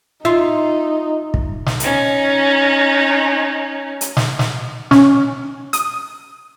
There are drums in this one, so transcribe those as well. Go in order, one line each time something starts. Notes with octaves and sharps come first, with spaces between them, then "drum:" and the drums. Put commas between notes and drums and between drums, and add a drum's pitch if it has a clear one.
D#4 F4 E5 C6
drum: kick
drum: snare
C#4 D#4, drum: hi-hat
drum: hi-hat
drum: snare
drum: snare
C#4, drum: snare
D#6, drum: hi-hat